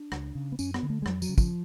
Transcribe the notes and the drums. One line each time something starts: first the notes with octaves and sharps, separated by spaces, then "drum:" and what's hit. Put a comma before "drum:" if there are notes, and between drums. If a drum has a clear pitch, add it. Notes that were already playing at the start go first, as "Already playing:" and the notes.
Already playing: D4
C#2, drum: rim click
C#3
B3
F#2 C#4, drum: tambourine
B3, drum: rim click
D3
A3
G#3
F2 F#3, drum: rim click
F#3, drum: tambourine
C#3
F3, drum: kick, tambourine